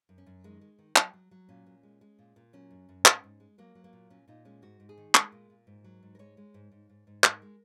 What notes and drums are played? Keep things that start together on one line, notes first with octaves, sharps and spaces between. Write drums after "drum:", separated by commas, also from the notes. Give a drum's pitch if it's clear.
F#2
C#4
F#2
D#3 G#3
G#3
D#3
F#3, drum: clap
F#3
F#3
A#2 C#4
A#2
G#3
G#3
A#2
A#2
F#3 C#4
F#2
F#2
G#2, drum: clap
G#2
G#3
F#3 A#3
F#3
A#3
A#2
A#2 C#4
A#2 D#4
G#3 C#4
G#2 F#4
G#2
G#4
D#3
G#3 A#4, drum: clap
A#2
A#2
G#2
F#3
G#2
A#4
G#3 C#5
G#3
G#2
G#2
G#2
G#2
G#2 A#4, drum: clap
G#3